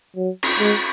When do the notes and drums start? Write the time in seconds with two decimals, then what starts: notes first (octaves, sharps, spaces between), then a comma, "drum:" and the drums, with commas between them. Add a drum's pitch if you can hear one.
0.17 F#3
0.43 drum: cymbal
0.59 G#3